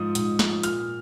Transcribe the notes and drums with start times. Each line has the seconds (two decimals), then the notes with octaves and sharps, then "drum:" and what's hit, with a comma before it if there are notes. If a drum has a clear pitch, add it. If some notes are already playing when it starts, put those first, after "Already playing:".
Already playing: G#2 F3 D#6
0.15 G#2, drum: hi-hat
0.39 F3, drum: snare
0.63 A#2 F6, drum: hi-hat